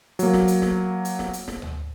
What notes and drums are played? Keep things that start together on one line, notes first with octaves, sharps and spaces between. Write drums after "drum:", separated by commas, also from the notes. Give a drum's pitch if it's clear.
F#3 A#3, drum: hi-hat
drum: snare
drum: hi-hat
drum: snare
drum: hi-hat
drum: snare
drum: hi-hat
drum: snare
drum: tom D2